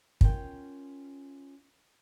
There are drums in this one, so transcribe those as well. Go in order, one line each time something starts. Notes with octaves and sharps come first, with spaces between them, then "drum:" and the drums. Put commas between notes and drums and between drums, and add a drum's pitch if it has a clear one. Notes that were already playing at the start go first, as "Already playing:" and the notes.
C#4 F4 A#4 F#5 G5, drum: kick